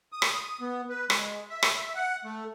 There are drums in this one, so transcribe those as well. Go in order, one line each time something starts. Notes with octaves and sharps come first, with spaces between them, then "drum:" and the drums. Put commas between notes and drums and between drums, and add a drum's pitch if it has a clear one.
D#6
drum: rim click
B3
B4
G#3, drum: rim click
E5
drum: rim click
F#5
A3